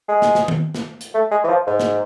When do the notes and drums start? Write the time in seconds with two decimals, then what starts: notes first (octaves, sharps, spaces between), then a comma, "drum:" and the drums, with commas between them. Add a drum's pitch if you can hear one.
0.09 G#3
0.22 drum: snare
0.35 drum: snare
0.48 drum: tom D#3
0.75 drum: snare
1.01 drum: hi-hat
1.14 A3
1.31 G#3
1.44 E3
1.49 F3
1.67 G#2
1.80 drum: snare